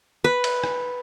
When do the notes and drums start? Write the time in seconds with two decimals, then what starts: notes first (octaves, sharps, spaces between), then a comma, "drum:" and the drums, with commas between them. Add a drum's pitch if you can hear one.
0.24 B4
0.44 drum: cymbal
0.64 drum: rim click